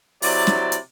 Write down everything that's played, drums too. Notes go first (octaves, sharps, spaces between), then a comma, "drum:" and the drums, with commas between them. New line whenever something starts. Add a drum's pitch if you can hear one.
C3 F#3 E4 D5, drum: open hi-hat
drum: snare
drum: hi-hat